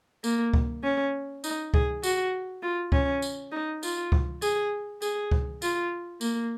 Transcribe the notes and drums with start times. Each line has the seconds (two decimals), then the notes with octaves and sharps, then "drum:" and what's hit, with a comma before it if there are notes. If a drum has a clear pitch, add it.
0.24 A#3, drum: tambourine
0.54 drum: kick C#2
0.83 C#4
1.44 D#4, drum: tambourine
1.74 G#4, drum: kick C#2
2.03 F#4, drum: tambourine
2.63 F4
2.92 C#4, drum: kick C#2
3.22 drum: tambourine
3.52 D#4
3.83 F4, drum: tambourine
4.12 drum: kick C#2
4.42 G#4, drum: tambourine
5.02 G#4, drum: tambourine
5.31 drum: kick C#2
5.62 F4, drum: tambourine
6.21 A#3, drum: tambourine